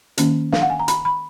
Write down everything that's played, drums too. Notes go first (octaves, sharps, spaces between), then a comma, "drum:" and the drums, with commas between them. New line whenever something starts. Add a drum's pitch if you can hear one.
D#3 A#3 C#4, drum: hi-hat
F5, drum: snare
F#5
G#5
A#5
B5, drum: hi-hat
B5